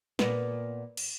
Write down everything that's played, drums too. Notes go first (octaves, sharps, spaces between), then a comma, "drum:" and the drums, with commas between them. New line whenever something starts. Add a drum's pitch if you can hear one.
A#2 B3, drum: snare
drum: cymbal